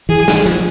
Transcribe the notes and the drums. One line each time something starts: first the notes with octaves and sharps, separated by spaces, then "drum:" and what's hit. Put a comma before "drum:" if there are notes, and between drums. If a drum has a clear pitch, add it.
E3 G#4
drum: snare
F3